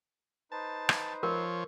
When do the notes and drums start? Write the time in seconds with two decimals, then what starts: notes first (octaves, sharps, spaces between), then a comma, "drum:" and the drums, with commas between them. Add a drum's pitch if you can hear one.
0.52 D#4 B4 C5 A5
0.89 drum: rim click
1.23 F3 A#4 C#5